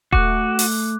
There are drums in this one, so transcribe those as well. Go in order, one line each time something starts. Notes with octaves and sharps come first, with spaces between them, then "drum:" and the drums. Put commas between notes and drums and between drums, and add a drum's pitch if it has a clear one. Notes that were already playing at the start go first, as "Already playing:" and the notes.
A3 F#4 D6 F#6, drum: kick D#1
drum: open hi-hat